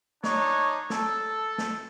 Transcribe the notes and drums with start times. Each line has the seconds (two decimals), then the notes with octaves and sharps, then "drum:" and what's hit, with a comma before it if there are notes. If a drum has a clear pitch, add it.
0.24 D4 D#4 C#5, drum: snare
0.90 A4, drum: snare
1.58 drum: snare